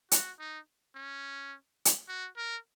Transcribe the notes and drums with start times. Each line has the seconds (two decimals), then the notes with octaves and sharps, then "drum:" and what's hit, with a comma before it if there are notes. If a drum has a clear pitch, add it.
0.11 F#4, drum: hi-hat
0.39 D#4
0.95 C#4
1.85 drum: hi-hat
2.08 F#4
2.37 A#4